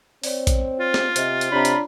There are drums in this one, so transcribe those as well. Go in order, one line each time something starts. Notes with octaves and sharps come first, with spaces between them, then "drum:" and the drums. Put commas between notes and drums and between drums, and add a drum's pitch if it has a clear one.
C4 C#5 D5, drum: open hi-hat
drum: kick A#1, hi-hat
F4
drum: snare
C3 C5 D#5 E5, drum: hi-hat
drum: hi-hat
C3 D4 C#5 A#5 B5
drum: hi-hat